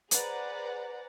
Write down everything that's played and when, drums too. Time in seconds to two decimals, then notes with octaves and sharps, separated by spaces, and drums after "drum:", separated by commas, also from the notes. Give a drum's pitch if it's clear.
0.11 G#4 B4 C5 D5 F#5 A#5, drum: hi-hat